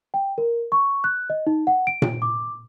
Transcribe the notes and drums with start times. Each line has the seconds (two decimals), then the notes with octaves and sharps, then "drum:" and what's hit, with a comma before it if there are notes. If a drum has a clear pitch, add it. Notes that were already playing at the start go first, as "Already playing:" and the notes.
0.14 G5
0.38 A#4
0.72 C#6
1.04 F#6
1.30 D#5
1.47 D#4
1.67 F#5
1.87 D7
2.02 drum: tom A#2
2.22 D6